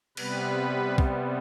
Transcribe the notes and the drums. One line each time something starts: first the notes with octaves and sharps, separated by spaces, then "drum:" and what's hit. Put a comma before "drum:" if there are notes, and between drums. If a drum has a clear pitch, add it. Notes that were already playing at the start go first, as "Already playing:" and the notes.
C3 G3 B3 B4, drum: cymbal
drum: kick